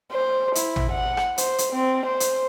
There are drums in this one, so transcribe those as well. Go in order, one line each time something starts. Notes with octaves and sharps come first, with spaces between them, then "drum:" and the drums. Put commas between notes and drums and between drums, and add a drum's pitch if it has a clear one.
C5
E4, drum: hi-hat
drum: tom
F#5
drum: rim click
C5, drum: hi-hat
drum: hi-hat
C4
C5
drum: hi-hat